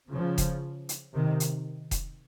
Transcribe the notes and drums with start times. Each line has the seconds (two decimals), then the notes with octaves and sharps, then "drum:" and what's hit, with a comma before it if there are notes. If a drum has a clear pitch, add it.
0.12 C#3 F3
0.38 drum: kick E1, hi-hat
0.89 drum: hi-hat
1.14 C3 D#3
1.40 drum: hi-hat
1.91 drum: kick E1, hi-hat